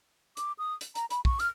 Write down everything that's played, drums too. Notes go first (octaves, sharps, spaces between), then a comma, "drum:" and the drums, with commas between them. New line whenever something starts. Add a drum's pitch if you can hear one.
D6, drum: hi-hat
D#6
drum: hi-hat
A#5, drum: hi-hat
B5, drum: hi-hat
C#6, drum: kick
F6, drum: hi-hat